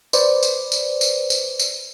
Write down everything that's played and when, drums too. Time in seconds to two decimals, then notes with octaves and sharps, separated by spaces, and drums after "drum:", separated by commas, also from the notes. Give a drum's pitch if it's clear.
0.13 B4 C5 D5, drum: tambourine
0.43 drum: tambourine
0.72 drum: tambourine
1.01 drum: tambourine
1.30 drum: tambourine
1.59 drum: tambourine